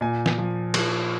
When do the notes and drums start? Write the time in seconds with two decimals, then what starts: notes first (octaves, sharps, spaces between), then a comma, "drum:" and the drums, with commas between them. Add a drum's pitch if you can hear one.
0.01 A#2 G#5
0.26 drum: snare
0.38 F3
0.74 F3, drum: cymbal